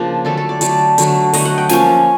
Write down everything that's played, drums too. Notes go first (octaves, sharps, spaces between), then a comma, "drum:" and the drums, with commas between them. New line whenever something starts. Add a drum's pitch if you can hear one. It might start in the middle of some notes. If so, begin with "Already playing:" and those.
Already playing: C#3 F3 A#3 D4
D3 F#3 A3 A4
A4
D5
D3 F#3 A3 D5, drum: hi-hat
D3 F#3 A3, drum: hi-hat
D3 F#3 A3 D#5, drum: open hi-hat
F#5
G5
F3 A#3 C#4 G#5, drum: snare